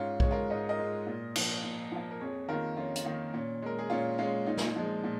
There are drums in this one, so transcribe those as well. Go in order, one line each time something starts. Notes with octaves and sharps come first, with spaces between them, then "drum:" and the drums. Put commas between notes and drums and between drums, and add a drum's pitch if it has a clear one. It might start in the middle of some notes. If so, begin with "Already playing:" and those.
Already playing: G#2 C#4 F4
G#3 C#5, drum: kick B1
F4 A#4
G#2 D#5
A#4 D#5
G#3
A#2
F3 A#3, drum: cymbal
A#2
F3 A#3
A#4
F2 G#4 C#5
D#3 A#3 F4 A#4
F2 C#4 F4
F4, drum: hi-hat
D#3 A#3 D#4
A#2 C#4
G#3 A#4
G#4
A#2 C#4 F4
G#3 C#4 F4
A#2 D#4
drum: snare
F3 G#3
A#2